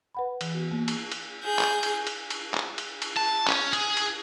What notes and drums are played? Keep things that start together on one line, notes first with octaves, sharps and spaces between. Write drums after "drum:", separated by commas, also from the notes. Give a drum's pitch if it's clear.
B4 F#5 B5
E3, drum: cymbal
B3 F#4
A#3
drum: cymbal
drum: cymbal
G#4 G6
drum: clap
drum: cymbal
drum: cymbal
drum: cymbal
drum: clap
drum: cymbal
drum: cymbal
A5
C#4, drum: clap
G#4, drum: cymbal
drum: cymbal